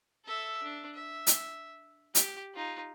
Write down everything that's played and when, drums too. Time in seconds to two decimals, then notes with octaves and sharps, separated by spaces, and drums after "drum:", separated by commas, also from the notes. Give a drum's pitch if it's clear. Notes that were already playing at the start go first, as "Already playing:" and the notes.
0.26 A4 E5
0.63 D4
0.95 E5
1.27 drum: hi-hat
2.15 G4, drum: hi-hat
2.54 D#4 F4